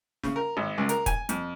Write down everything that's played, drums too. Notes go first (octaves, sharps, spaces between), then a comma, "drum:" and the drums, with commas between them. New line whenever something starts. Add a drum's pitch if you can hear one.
C#3, drum: snare
A#4
G#1
C#2
A#4, drum: hi-hat
G#5, drum: kick, hi-hat
F2, drum: hi-hat